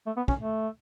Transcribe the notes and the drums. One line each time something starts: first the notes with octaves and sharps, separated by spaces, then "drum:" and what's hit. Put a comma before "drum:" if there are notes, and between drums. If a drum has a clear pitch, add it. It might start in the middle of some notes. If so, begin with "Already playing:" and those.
A3
B3
C#4, drum: kick
A3